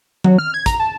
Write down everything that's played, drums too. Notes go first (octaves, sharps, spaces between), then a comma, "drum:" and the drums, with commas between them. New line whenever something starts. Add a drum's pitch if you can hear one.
F#3, drum: tom D#3
F6
G#6
A#5, drum: kick, hi-hat
A5